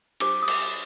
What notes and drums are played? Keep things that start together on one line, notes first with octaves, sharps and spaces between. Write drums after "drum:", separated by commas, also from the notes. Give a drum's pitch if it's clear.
D4 G4 C5 D6, drum: cymbal
D#6
D6, drum: cymbal